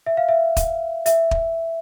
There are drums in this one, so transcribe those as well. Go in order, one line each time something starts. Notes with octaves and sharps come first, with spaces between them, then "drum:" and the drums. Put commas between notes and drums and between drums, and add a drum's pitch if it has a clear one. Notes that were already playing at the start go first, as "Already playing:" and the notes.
E5
F5
E5
drum: kick, hi-hat
E5, drum: hi-hat
drum: kick